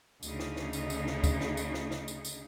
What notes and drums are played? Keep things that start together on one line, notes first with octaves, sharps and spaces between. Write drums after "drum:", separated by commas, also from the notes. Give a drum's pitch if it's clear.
D2 C#3 D#4 G#4, drum: tambourine
drum: snare
drum: snare
drum: tambourine
drum: tambourine
drum: snare
drum: kick, tambourine
drum: snare
drum: tambourine
drum: snare
drum: snare
drum: tambourine
drum: tambourine